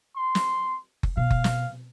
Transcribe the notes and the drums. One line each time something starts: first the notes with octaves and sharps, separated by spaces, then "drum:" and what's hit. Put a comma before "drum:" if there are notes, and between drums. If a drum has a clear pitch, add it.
C6
drum: snare
drum: kick F#1
B2 F5
drum: kick F#1
drum: snare